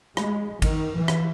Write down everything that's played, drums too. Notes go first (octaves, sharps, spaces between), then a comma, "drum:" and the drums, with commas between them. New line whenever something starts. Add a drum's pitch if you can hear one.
G#3, drum: rim click
D#3, drum: kick G#1, cymbal
E3
drum: rim click